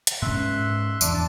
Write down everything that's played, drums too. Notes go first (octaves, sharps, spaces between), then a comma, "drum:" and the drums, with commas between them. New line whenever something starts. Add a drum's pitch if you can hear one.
drum: hi-hat
G#2 C4 C#4 E5 C6 F#6
E2 D4, drum: tambourine
A5